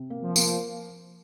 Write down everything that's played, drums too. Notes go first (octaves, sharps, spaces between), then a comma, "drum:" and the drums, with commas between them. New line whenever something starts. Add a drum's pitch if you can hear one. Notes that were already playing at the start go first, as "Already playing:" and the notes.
Already playing: C3
A#3
F3
A#3, drum: tambourine